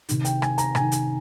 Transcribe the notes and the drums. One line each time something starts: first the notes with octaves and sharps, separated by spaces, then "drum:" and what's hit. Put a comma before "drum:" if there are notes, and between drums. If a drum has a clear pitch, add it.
C3 D#3, drum: hi-hat
G5, drum: hi-hat
G#5, drum: rim click
A#5, drum: hi-hat
C3 D#3 G#5, drum: rim click
drum: hi-hat